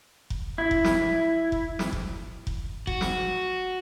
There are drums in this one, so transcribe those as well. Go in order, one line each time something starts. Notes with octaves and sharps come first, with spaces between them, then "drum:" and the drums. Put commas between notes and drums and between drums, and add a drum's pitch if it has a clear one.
drum: kick F1
E4
drum: kick F1
drum: snare
drum: kick F1
drum: snare
drum: kick F1
drum: kick F1
F#4, drum: kick F1
drum: snare